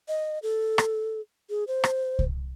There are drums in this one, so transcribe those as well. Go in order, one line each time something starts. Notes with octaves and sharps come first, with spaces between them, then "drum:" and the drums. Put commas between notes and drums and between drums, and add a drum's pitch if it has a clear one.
D#5
A4
drum: rim click
G#4
C5
drum: rim click
drum: kick C2